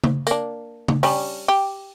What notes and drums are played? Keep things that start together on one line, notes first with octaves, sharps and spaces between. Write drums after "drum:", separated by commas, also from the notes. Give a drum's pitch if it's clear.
drum: tom C#3
A#3 D4, drum: tambourine
drum: tom C#3
G3 C#4 D4, drum: open hi-hat
G4